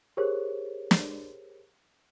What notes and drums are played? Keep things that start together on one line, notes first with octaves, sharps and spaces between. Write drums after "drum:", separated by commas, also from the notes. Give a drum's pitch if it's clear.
G4 G#4 A#4 C5 C#5
drum: snare